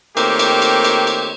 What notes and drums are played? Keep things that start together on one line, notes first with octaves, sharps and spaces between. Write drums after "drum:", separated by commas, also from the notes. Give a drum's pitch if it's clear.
D#3 A3 A#3 C4 G4 C#5, drum: cymbal
drum: cymbal
drum: cymbal
drum: cymbal
drum: cymbal